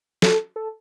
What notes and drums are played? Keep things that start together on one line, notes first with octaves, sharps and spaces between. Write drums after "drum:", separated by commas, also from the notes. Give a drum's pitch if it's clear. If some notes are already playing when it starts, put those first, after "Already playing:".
A4, drum: snare
A4